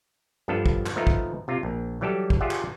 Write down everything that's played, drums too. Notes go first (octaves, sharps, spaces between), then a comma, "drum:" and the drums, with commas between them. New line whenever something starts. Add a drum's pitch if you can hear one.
G2 F3 B3 D4 A4
drum: kick
drum: clap
F3 A3 B3 D#4
drum: kick
C3 F4
A#1
E3 F#3 G3 G4 A4
drum: kick
F4 G4 G#4 D5 E5 F#5
drum: clap